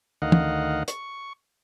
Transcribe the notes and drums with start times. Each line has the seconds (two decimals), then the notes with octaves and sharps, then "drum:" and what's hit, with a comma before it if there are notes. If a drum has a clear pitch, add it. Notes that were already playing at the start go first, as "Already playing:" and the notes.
0.22 D2 D#3 D#5 F5 F#5
0.32 drum: tom
0.88 C#6, drum: hi-hat